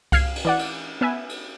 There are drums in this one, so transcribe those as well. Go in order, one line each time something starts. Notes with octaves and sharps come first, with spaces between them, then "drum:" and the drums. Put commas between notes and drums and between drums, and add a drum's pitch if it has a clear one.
F5 F6 G#6 C7, drum: kick C2, cymbal
drum: cymbal
E3 D5 F#5
drum: cymbal
B3 B4 E5 G#5
drum: cymbal